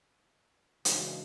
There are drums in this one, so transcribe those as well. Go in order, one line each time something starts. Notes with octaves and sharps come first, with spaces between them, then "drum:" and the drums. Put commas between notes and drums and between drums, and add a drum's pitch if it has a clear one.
F#2 C#3 E3 G#3 D4, drum: hi-hat